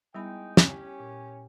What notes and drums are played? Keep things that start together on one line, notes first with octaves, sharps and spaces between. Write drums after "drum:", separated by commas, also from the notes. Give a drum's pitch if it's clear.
G3 G#3 B3 D#4 E4 G5 B5
C#4 G4, drum: snare
A#2